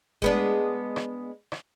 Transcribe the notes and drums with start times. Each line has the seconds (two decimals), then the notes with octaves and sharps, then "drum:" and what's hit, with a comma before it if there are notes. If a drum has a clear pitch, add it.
0.22 G#3 B3 D4, drum: kick F1
0.96 drum: rim click
1.52 drum: rim click